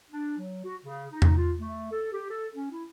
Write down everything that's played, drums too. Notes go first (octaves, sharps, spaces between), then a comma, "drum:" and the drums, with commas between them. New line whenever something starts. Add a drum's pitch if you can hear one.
D4
F#3
F#4
C#3
D#4
drum: tom E2
F4
A3
A4
G4
A4
C#4
E4